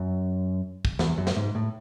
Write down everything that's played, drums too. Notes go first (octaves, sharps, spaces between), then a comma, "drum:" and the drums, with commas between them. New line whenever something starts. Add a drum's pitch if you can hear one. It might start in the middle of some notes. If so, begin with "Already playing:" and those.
Already playing: F#2
drum: kick
E2, drum: snare
F#2
drum: snare
G#2
A2